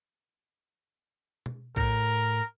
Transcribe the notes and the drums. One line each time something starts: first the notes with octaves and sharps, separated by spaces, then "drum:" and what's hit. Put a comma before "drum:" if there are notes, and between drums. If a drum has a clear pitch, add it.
drum: tom B2
A2 A#4, drum: kick